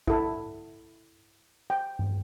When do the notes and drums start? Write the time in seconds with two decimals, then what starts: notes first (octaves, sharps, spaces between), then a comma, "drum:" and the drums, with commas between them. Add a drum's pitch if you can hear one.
0.07 E4 A4, drum: kick
1.70 G5
1.99 drum: tom G2